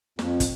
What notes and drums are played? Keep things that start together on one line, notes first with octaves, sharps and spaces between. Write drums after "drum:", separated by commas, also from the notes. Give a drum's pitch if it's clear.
F2, drum: snare
drum: kick, hi-hat